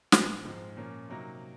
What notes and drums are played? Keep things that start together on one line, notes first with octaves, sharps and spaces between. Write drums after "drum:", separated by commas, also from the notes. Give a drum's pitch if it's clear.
A#2 F3 C4, drum: snare
G#2 F3 G#3 C4
A#2 F3 A#3 C#4
C3 F#3 A#3 D#4